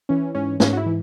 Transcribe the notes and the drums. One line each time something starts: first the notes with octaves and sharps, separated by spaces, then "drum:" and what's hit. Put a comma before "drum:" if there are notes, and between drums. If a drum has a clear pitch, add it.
E3 C#4
G#2 C#4
G#2 C#4, drum: snare
F#4
E4
E3